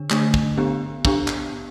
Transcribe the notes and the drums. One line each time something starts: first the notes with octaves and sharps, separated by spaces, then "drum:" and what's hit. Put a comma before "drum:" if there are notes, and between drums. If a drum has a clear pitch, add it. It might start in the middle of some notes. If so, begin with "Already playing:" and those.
Already playing: D3 D4
D3 A3 D4, drum: clap
drum: kick
B3 D4 G4
B3 D4 G4, drum: kick
drum: clap